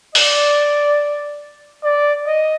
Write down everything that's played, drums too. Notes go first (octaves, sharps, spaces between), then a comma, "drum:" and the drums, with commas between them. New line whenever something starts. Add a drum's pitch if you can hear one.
D5, drum: open hi-hat
D5
D#5